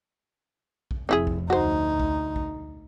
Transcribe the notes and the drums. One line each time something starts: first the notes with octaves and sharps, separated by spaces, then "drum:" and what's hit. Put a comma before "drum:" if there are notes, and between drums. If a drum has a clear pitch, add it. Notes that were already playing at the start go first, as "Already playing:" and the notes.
drum: kick A#1
F1 C4 E4 G#4
drum: kick A#1
D2 D#4 F#4 C5
drum: kick A#1
drum: kick A#1